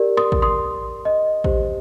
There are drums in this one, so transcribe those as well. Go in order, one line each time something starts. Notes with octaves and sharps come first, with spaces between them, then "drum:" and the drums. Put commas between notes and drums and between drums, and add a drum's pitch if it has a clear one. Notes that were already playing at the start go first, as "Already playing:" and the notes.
Already playing: G4 A#4 D5
C6 D#6, drum: rim click
drum: kick
C6 D#6
D#5
G4 C5, drum: kick